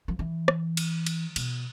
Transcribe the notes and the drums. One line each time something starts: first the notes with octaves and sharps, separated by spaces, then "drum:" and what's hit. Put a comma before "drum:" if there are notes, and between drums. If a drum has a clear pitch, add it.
F3
E3
drum: rim click
drum: cymbal
drum: cymbal
B2, drum: cymbal